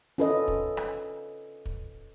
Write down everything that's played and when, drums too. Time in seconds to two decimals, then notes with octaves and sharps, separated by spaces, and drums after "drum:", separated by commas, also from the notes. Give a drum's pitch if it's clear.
0.18 C#4 F4 A4 B4 D5 D#5
0.48 drum: kick
0.77 drum: rim click
1.66 drum: kick